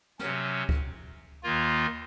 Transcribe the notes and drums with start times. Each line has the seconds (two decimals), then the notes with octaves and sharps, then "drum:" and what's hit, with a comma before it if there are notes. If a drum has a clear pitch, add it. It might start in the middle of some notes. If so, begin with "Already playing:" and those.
0.19 C3 F#3 C#4, drum: snare
0.69 drum: kick C#2
1.43 D#2 D#3 A#3 F4